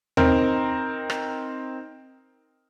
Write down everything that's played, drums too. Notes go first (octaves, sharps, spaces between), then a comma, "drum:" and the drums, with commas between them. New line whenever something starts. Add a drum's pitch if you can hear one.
C4 D#4 A#4, drum: tom D#2
drum: rim click